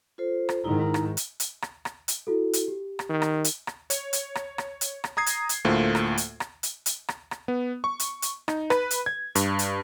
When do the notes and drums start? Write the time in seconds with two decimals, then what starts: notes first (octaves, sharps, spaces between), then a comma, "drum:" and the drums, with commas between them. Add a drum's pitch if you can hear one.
0.18 F4 A4 C5
0.49 drum: rim click
0.64 G#2 D#3 D#4 E4 A#5
0.94 drum: rim click
1.17 drum: hi-hat
1.40 drum: hi-hat
1.62 drum: rim click
1.85 drum: rim click
2.08 drum: hi-hat
2.27 E4 F#4 A4
2.53 drum: hi-hat
2.68 G4
2.99 drum: rim click
3.09 D#3
3.22 drum: rim click
3.44 drum: hi-hat
3.67 drum: rim click
3.90 C#5, drum: hi-hat
4.13 drum: hi-hat
4.35 drum: rim click
4.58 drum: rim click
4.81 drum: hi-hat
5.04 drum: rim click
5.17 A#5 D#6 G#6 C7
5.26 drum: hi-hat
5.49 drum: hi-hat
5.65 D2 A2 A3 A#3 F4 C5
5.95 drum: rim click
6.17 drum: hi-hat
6.40 drum: rim click
6.63 drum: hi-hat
6.86 drum: hi-hat
7.08 drum: rim click
7.31 drum: rim click
7.48 B3
7.84 C#6
8.00 drum: hi-hat
8.22 drum: hi-hat
8.48 D#4, drum: rim click
8.70 B4, drum: rim click
8.91 drum: hi-hat
9.06 G#6
9.35 G2, drum: hi-hat
9.59 drum: hi-hat